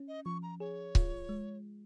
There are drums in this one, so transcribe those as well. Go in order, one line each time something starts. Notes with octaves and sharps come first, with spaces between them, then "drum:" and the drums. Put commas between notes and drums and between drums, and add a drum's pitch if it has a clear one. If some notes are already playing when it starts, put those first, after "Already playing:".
Already playing: C#4
D#5
F3 C#6
A#5
G#4 C#5
F4, drum: kick C#1
G#3